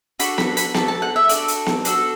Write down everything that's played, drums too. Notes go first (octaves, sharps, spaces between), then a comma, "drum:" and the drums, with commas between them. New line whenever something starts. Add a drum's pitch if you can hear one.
D4 F#4 A4 B5, drum: hi-hat
B5, drum: snare B3
B5, drum: hi-hat
D4 F#4 A4 A5, drum: snare B3
A5
F#5
E5
D4 F#4 A4 D5, drum: hi-hat
drum: hi-hat
drum: snare B3
D4 F#4 A4, drum: hi-hat